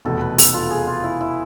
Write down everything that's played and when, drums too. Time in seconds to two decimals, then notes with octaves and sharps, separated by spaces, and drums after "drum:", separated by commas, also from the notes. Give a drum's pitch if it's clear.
0.05 F1 E2 B2 A4
0.21 B4
0.38 A4, drum: open hi-hat
0.54 F4
0.70 G#4
0.87 F4
1.04 E4
1.21 E4